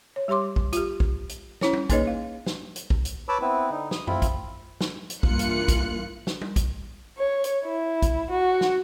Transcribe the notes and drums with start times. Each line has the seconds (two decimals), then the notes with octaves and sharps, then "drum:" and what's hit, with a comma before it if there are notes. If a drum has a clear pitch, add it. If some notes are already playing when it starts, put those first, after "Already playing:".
0.16 C#5
0.28 G3 G4 C#5 C6 D6
0.56 drum: kick A1
0.73 F4 G4, drum: hi-hat
1.00 drum: kick A1
1.29 drum: hi-hat
1.61 C#4 E4 C#5, drum: snare
1.73 drum: tom
1.90 A#3 D#4 G#4 B4 C#5 D#5, drum: kick A1, hi-hat
2.07 F5
2.46 drum: snare
2.76 drum: hi-hat
2.90 drum: kick A1
3.05 drum: hi-hat
3.29 B4 C#5 A5 B5 D6 E6
3.41 B3 C4 E4 B4
3.70 D3 D#4
3.91 D#6, drum: snare
4.07 C4 E4 F4 B5, drum: tom F#2
4.22 drum: kick A1, hi-hat
4.81 drum: snare
5.10 drum: hi-hat
5.23 G2 E3 A#3 F4 F#6 C#7, drum: kick A1
5.39 drum: hi-hat
5.68 drum: kick A1, hi-hat
6.27 drum: snare
6.41 drum: tom
6.56 drum: kick A1, hi-hat
7.18 C#5
7.44 drum: hi-hat
7.65 E4
8.02 drum: kick A1, hi-hat
8.30 F#4
8.61 drum: snare